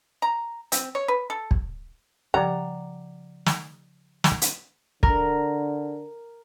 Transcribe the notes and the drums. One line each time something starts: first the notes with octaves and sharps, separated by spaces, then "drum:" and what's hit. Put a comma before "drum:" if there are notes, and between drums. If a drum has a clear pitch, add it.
A#5
C4, drum: hi-hat
C#5
B4
A4
drum: kick
C#3 F3 G3 D5 F#5 A#5
drum: snare
drum: snare
drum: hi-hat
D3 A#4, drum: kick